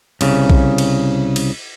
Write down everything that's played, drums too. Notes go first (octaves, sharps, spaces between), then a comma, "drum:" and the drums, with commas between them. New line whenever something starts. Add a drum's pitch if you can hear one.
C2 C#3, drum: cymbal
drum: kick
drum: cymbal
drum: cymbal